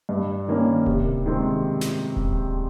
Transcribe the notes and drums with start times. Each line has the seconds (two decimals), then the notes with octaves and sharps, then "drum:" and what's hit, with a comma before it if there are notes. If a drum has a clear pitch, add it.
0.09 G2
0.48 D#3 A#3 C#4
0.86 C3, drum: kick D1
1.26 D#3 G#3 C4
1.81 drum: snare
2.16 drum: kick D1